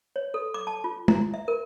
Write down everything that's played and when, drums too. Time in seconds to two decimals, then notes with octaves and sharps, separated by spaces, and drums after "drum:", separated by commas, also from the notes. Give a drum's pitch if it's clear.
0.16 C#5
0.34 A4
0.54 D6
0.67 A5
0.84 F4
1.08 A#5, drum: tom
1.34 E5
1.48 A#4